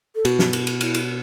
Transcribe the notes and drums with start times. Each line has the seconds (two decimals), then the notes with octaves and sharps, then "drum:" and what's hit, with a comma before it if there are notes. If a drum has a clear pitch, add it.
0.15 A4
0.25 B2 F#4, drum: cymbal
0.39 drum: snare
0.53 drum: cymbal
0.67 drum: cymbal
0.81 E4, drum: cymbal
0.94 drum: cymbal